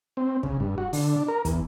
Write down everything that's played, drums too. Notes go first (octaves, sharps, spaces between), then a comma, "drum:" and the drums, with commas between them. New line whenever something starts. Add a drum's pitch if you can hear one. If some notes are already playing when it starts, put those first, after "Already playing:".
C4
C#3, drum: kick
G2
F#4
D3, drum: open hi-hat
D4
A#4
E2, drum: kick, hi-hat